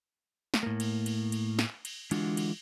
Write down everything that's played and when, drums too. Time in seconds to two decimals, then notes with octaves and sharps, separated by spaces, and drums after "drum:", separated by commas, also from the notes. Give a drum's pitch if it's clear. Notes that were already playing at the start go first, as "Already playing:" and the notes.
0.54 drum: snare
0.63 A2 A#3
0.80 drum: cymbal
1.06 drum: cymbal
1.32 drum: cymbal
1.59 drum: snare
1.85 drum: cymbal
2.11 D3 E3 G#3 D4 F4 F#4, drum: cymbal
2.37 drum: cymbal